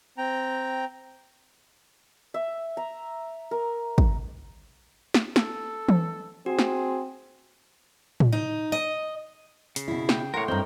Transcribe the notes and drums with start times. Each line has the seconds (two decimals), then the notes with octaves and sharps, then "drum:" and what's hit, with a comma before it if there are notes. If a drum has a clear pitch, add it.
0.18 C4 G5 A#5
2.34 E5
2.77 A#5
3.51 A#4
3.98 drum: kick
5.14 drum: snare
5.36 A4, drum: snare
5.89 drum: tom E3
6.46 C4 F#4 G#4
6.59 drum: snare
8.20 drum: tom A2
8.32 D#4
8.72 D#5
9.76 C#3, drum: hi-hat
9.88 B2 E4
10.09 G5, drum: snare
10.34 A2 A#4 C#5 F#5 C6
10.48 G2 C4 A#4 D#5 G5